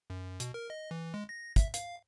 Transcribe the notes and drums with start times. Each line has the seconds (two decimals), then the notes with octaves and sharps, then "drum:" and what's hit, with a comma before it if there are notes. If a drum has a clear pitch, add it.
0.10 F#2
0.40 B2, drum: hi-hat
0.54 A#4
0.70 D#5
0.91 E3
1.14 G#3
1.29 A#6
1.56 E5, drum: kick, hi-hat
1.74 F5, drum: hi-hat